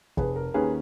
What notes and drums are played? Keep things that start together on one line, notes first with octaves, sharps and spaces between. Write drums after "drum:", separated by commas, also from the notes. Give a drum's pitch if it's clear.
F1 G#4 B4, drum: kick
A#4
D#2 D#3 A#3 C#4 G#4 B4